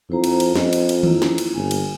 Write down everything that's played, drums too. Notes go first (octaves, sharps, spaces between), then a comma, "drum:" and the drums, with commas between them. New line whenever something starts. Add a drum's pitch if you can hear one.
F2 E4 C5 A#5
drum: cymbal
drum: cymbal
F2 D#5, drum: snare
drum: cymbal
drum: cymbal
A#3 E4 F4, drum: tom D#3
drum: snare
drum: cymbal
G1 G#5
drum: cymbal